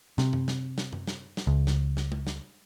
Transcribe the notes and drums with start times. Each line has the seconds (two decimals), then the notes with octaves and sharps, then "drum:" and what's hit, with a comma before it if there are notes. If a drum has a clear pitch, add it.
0.18 C3, drum: snare
0.33 drum: tom F#2
0.48 drum: snare
0.78 drum: snare
0.93 drum: tom F#2
1.07 drum: snare
1.37 drum: snare
1.47 C#2
1.67 drum: snare
1.97 drum: snare
2.12 drum: tom G#3
2.27 drum: snare